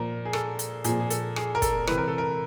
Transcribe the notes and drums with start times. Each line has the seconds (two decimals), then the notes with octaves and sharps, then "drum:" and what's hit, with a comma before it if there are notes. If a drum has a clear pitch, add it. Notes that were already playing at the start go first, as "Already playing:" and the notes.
Already playing: A#2 F3 A#4
0.25 G#4
0.33 A4, drum: rim click
0.59 drum: hi-hat
0.84 A#2 F3 G#4, drum: hi-hat
1.00 G#4
1.10 A4, drum: hi-hat
1.36 G#4, drum: rim click
1.55 A#4
1.62 A4, drum: kick, hi-hat
1.87 C3 E3 B4, drum: rim click
1.98 A#4
2.08 A4
2.18 A#4